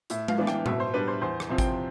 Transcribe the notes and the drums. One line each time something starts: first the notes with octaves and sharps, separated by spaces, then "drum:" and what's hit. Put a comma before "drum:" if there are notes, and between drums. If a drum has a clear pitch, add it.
A2 E5, drum: hi-hat
F5, drum: tom G#3
E3 B3 D4
G5, drum: rim click
B2 E5, drum: tom A2
C5
G3 D4 B4
C5
E2 C5
drum: rim click
C3 F3 C4
G5, drum: kick G#1, hi-hat